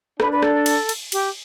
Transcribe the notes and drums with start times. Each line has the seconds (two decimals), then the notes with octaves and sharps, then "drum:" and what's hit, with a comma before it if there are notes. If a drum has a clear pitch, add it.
0.20 D4 B4, drum: rim click
0.31 B4
0.43 A4, drum: rim click
0.66 drum: cymbal
0.89 drum: cymbal
1.12 G4, drum: cymbal